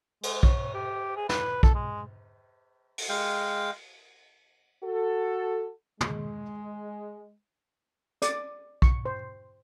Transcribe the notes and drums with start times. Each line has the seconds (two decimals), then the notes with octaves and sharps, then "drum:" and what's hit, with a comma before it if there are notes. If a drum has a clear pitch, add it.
0.23 G#3, drum: cymbal
0.43 C#5, drum: kick B1
0.74 G4
1.17 G#4
1.29 B4, drum: snare
1.63 A4, drum: kick B1
1.75 G#3
2.98 drum: open hi-hat
3.09 G#3 F5 G5
4.84 F#4 A4
6.01 G#3, drum: tom
8.22 D5, drum: hi-hat
8.82 C#6, drum: kick B1
9.05 C5